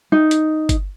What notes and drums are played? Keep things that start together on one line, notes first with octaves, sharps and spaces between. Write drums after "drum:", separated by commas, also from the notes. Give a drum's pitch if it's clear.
D#4
drum: hi-hat
drum: kick G1, hi-hat